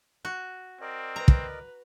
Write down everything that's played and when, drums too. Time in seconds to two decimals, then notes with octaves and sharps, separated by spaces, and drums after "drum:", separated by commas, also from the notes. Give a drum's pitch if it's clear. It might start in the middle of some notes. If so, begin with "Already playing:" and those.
0.25 F#4
0.81 C4 A#4 D5 D#5
1.16 B4 A#5
1.28 drum: kick